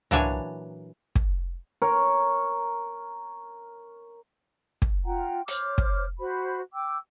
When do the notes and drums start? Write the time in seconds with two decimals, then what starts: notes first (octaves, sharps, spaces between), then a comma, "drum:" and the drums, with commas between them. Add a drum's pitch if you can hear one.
0.11 A#2 E3 F#3 D4 C#5 G#5, drum: tom C2
1.15 drum: kick
1.82 A#4 C#5
4.82 drum: kick
5.05 F4 F#5 G5 A#5
5.48 C5 C#5 D6 F6, drum: hi-hat
5.78 drum: kick
6.19 F#4 C5 B5
6.73 G5 D6 E6